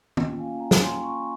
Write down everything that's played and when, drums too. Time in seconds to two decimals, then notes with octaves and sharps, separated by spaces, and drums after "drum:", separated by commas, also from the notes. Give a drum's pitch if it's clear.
0.17 A#3 C#4 F4 D#5 G5, drum: tom
0.39 F5 G#5
0.59 G5 A#5
0.71 drum: snare
0.80 G#5 C6
1.01 A#5 C#6